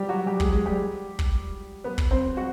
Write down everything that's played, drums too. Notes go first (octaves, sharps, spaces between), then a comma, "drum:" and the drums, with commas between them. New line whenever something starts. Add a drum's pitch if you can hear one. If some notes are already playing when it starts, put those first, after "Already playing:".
Already playing: G3 G4
F#3 F#4
G3 G4
G#3 G#4, drum: kick
G#3 G#4
G3 G4
drum: kick
B3 B4
drum: kick
C4 C5
F#4 F#5